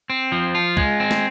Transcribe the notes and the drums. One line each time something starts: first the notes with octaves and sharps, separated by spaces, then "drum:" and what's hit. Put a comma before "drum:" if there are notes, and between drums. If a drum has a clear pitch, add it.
C4
F3
F4
G#3, drum: kick
C4
drum: snare